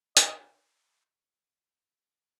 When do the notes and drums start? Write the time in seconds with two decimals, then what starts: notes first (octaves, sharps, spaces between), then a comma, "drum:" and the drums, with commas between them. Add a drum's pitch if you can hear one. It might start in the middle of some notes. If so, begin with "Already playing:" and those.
0.17 D#5, drum: hi-hat